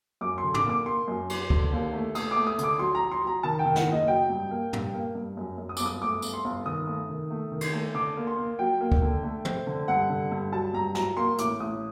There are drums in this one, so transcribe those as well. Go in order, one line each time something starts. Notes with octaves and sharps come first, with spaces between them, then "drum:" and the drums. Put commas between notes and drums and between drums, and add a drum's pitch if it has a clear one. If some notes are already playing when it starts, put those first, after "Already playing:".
F#2 D6
C6
D3
D6, drum: tom
A#3
D6
A#3 C6
F#2
F#3, drum: cymbal
D3, drum: kick
D#2
A3
A3 D#6, drum: cymbal
D6
A3
D#6
D3, drum: hi-hat
D6
F#3 C6
A#5
F#3
C6
F#3
A#5
D#3 A5
G5
D#3
F#5, drum: snare
F#1
D#5
F#3 G5
G2
A#3
G2, drum: tom
A#3
G2
F#2
F#2
D#6
G1 D6, drum: tambourine
D#6
A3 D6
G1, drum: tambourine
C6
G1
D#3 D#6
A3
D#3
A3
D#3
drum: cymbal
A3
D3 D6
A#3
C6
A#3
F#3 G5
A#3
drum: kick
D3
A3
C4, drum: tom
D3
G2 F#5
D3
G2
F#3 A5
G2 A#5
F#3 A#5, drum: snare
A#3 C6
A1 D6, drum: hi-hat
A1 D#6